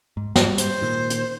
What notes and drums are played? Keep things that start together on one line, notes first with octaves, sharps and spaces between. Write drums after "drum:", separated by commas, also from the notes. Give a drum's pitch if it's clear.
G#2
G#2 G3, drum: snare
C5, drum: hi-hat
A#2 D#3
drum: hi-hat